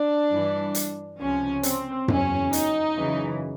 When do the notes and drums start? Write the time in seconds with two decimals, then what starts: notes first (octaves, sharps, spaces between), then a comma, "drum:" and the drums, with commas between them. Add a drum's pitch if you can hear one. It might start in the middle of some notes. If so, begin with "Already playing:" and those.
Already playing: D4
0.30 G2 E3
0.75 drum: hi-hat
1.19 C#2 C3 F3 C#4
1.63 C4, drum: hi-hat
2.08 E2 C#3 F#3 C#4, drum: tom F#2
2.53 D#4, drum: hi-hat
2.97 F#2 C#3 E3